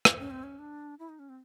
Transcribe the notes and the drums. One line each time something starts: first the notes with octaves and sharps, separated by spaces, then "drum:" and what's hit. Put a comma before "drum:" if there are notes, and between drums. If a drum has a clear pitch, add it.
drum: rim click
C#4
C4
C#4
D4
E4
D#4
C#4
C4